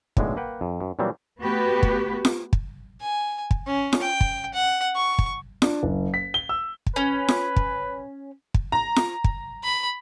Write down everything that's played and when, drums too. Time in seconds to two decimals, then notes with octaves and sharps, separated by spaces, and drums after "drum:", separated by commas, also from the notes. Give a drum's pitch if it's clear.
0.17 B1 A2 D3 G#3, drum: kick
0.36 A#3 B4 F#5 G5
0.61 F2
0.81 F#2
0.99 A#2 E3 F#3 G3 C4
1.40 A3 B3 F#4 G4 B4
1.83 drum: kick
2.25 drum: snare F4
2.53 drum: kick
3.01 G#5
3.51 drum: kick
3.66 C#4
3.93 drum: snare F4
4.02 G5
4.21 drum: kick
4.54 F#5
4.96 C#6
5.19 drum: kick
5.62 D4, drum: snare F4
5.83 F#1
6.14 B6
6.34 G7
6.49 E6
6.86 drum: kick
6.96 C#4 B4
7.28 drum: snare F4
7.56 drum: kick
8.54 drum: kick
8.72 A#5
8.96 drum: snare F4
9.24 drum: kick
9.64 B5